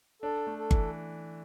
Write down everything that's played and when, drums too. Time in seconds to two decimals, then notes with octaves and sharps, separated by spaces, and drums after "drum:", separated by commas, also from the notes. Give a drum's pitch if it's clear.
0.22 D4 A4
0.47 A3
0.59 A4
0.71 E3, drum: kick G1